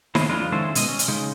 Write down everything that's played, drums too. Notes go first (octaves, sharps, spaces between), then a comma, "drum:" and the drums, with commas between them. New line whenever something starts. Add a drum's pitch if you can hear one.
D#3 E4 C5 C#5 D#5, drum: snare D#4
F2 G#3 D4 F4
D#3 G#3 C#4 E4 A4 C5
B2 G#3 D#5, drum: hi-hat
C#4
drum: hi-hat
C#3 G#3 D#4